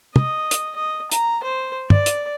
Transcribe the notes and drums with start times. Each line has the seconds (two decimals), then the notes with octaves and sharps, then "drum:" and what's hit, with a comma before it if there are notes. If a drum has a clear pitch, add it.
0.16 D#5, drum: tom
0.51 drum: hi-hat
0.76 D#5
1.12 A#5, drum: hi-hat
1.44 C5
1.90 D5, drum: tom
2.06 drum: hi-hat